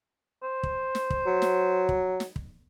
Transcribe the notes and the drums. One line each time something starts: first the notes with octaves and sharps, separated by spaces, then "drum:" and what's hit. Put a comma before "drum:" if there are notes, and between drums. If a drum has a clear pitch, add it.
C5
drum: kick
drum: snare
drum: kick
F#3
drum: snare
drum: kick
drum: snare
drum: kick